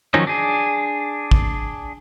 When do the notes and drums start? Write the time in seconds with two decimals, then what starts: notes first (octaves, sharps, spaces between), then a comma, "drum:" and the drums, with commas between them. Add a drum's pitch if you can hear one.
0.14 D#3 F3 F#3 C#4 D#4
0.27 D4 G#4
1.31 drum: kick